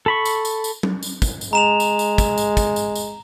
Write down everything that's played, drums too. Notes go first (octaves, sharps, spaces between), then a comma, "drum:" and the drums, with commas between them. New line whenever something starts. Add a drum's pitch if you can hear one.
A4 B5 C#6
drum: tambourine
drum: tambourine
drum: tambourine
drum: tom F#3
drum: tambourine
drum: kick, tambourine
drum: tambourine
G#3 A#5 E7 F7
drum: tambourine
drum: tambourine
drum: kick, tambourine
drum: tambourine
drum: kick, tambourine
drum: tambourine
drum: tambourine